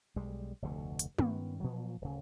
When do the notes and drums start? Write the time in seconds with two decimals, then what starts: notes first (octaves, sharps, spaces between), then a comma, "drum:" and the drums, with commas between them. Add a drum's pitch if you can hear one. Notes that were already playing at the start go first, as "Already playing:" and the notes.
0.16 B1 G3 G#3
0.62 F1 D2 B2 D3
0.99 drum: hi-hat
1.19 G2 D#3 B3 C#4, drum: tom
1.60 A#2 F3 F#3
2.01 D1 C#3